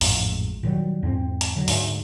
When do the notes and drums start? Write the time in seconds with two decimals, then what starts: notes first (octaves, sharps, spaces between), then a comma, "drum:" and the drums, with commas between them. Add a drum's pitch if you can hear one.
0.01 A1 F2 G#2, drum: open hi-hat
0.63 A#2 D#3 F#3 G3
1.03 E2 G#2 B3 C4
1.41 drum: hi-hat
1.56 D3 F#3
1.68 D2 G#2, drum: open hi-hat